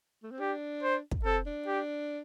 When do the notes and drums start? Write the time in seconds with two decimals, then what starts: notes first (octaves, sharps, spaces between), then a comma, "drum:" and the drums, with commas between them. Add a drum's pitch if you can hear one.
0.23 A3
0.31 C4
0.40 D4 G4
0.83 C5
1.11 drum: kick
1.25 C4 A4
1.46 D4
1.67 G4